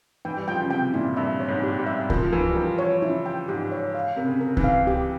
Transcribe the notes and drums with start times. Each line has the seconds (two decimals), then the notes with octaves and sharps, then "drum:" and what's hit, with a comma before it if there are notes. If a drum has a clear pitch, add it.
0.25 E3 G5
0.37 G3
0.48 F3 G5
0.60 C#3
0.70 C3 G5
0.94 A#2 E4
1.17 G2 E5
1.40 C#5
1.48 G#2
1.63 G4
1.79 G3
1.86 E5
2.10 F3 A#4, drum: kick C#2
2.22 F3
2.32 E3 A#4
2.49 G3
2.55 F3 A#4
2.79 C#5
3.02 C#3 E4
3.26 G5
3.48 G#2 G4
3.72 C#5
3.95 F5
4.16 C3 A#4
4.26 C#3
4.41 A#4
4.57 E3, drum: kick C#2
4.64 F5
4.87 G4